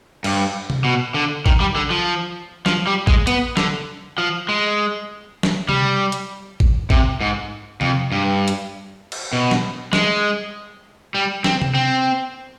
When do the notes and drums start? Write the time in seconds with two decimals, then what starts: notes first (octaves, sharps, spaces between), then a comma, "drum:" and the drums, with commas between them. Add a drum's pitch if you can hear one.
0.24 G2, drum: cymbal
0.70 drum: tom C3
0.84 B2
1.14 D3
1.46 D#3, drum: kick A1
1.60 G3
1.76 D3
1.90 F3
2.66 F3, drum: snare
2.87 G3
3.07 G#3, drum: kick A1
3.27 B3, drum: hi-hat
3.57 D3, drum: snare
4.18 F3
4.49 G#3
5.43 drum: snare
5.69 G3, drum: tom C3
6.12 drum: hi-hat
6.60 drum: kick A1
6.90 C3, drum: kick A1
7.21 G#2
7.81 F2, drum: tom C3
8.12 G2
8.48 drum: hi-hat
9.12 drum: cymbal
9.33 B2
9.51 drum: snare
9.93 G#3, drum: snare
11.15 G3
11.44 C4, drum: snare
11.62 drum: tom C3
11.74 C4